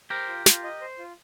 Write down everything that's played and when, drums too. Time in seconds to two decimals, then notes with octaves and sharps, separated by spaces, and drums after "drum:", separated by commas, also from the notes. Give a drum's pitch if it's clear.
0.10 G4 A#4 C5
0.28 F4
0.46 F4, drum: snare
0.64 D#5
0.81 C5
0.99 F4